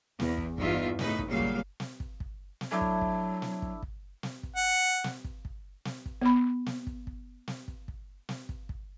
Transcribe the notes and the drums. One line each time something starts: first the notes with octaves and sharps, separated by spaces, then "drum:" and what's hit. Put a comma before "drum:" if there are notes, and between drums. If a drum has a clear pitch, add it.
E2, drum: snare
drum: kick
E2 G2 D#4 F4 E5, drum: kick
A2 C#3 D#4 B4, drum: snare
drum: kick
A#2 C#3 F#3 G3 F5
drum: kick
drum: snare
drum: kick
drum: kick
drum: snare
F#3 A3 D4 E4
drum: kick
drum: kick
drum: snare
drum: kick
drum: kick
drum: snare
drum: kick
F#5
drum: snare
drum: kick
drum: kick
drum: snare
drum: kick
B3 B5
drum: snare
drum: kick
drum: kick
drum: snare
drum: kick
drum: kick
drum: snare
drum: kick
drum: kick